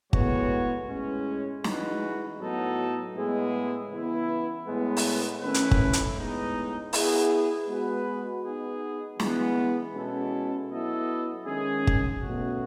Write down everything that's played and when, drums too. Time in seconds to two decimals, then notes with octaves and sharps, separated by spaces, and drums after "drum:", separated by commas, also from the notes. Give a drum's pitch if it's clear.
0.13 A2 G#3 B3 F#4 C#5, drum: kick
0.89 A2 G#3 C#4
1.64 E3 G#3 D#4 F#4 B4, drum: snare
2.39 A2 F#3 B3 D#4 A4
3.15 A2 G#3 B3 E4 G#4
3.90 C#3 E3 B3 E4
4.66 A2 G#3 B3
4.97 drum: open hi-hat
5.42 D#3 A3 C#4 E4 B4
5.54 drum: hi-hat
5.71 drum: kick
5.93 drum: hi-hat
6.17 A2 G#3 B3 D#4
6.93 B3 E4 G#4, drum: open hi-hat
7.68 G#3 B3 F#4 B4
8.43 B3 D#4 G#4
9.20 E3 G#3 B3, drum: snare
9.95 B2 G#3 C#4 E4 A4
10.70 F#3 B3 E4 A4 D#5
11.46 D#3 G#3 C#4 G#4
11.87 drum: kick
12.22 B2 F#3 A3 C#4 F#4